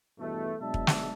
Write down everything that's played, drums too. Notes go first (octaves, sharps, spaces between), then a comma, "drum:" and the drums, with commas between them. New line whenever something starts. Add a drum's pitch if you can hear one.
E2 G2 B2 A3
B2 F#3 G#3 D4 E5 A5
drum: kick
drum: snare